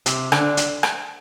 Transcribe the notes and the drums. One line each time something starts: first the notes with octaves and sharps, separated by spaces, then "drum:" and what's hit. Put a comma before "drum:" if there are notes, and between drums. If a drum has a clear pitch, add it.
C3, drum: hi-hat
D3, drum: rim click
drum: hi-hat
drum: rim click